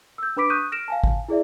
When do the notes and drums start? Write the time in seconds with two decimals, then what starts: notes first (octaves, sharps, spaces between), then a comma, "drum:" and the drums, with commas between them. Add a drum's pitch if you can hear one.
0.18 E6 G6
0.37 D4 B4 B5 D6 B6 D7
0.50 C#6 D#6 F#6 G6 D#7
0.72 F6 A#6 D7 E7
0.88 F5 G#5 A5
1.04 drum: kick
1.29 E4 G#4 D5 E5